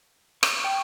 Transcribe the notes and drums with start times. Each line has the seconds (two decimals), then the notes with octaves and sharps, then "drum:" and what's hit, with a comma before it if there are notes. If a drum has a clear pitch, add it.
0.43 C#6, drum: rim click
0.65 G5